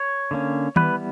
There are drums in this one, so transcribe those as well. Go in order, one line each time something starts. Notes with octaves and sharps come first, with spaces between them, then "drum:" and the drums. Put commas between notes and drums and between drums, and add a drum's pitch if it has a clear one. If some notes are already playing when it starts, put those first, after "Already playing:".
Already playing: C#5
D3 A#3 C#4
E3 G3 B3 B4, drum: tom D#3